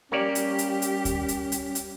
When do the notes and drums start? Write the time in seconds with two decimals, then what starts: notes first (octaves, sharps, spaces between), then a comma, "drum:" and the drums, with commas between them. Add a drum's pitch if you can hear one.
0.12 G3 A#3 C#4 G4 C#5 D5
0.35 drum: hi-hat
0.58 drum: hi-hat
0.82 drum: hi-hat
1.05 drum: kick D2, hi-hat
1.28 drum: hi-hat
1.52 drum: hi-hat
1.75 drum: hi-hat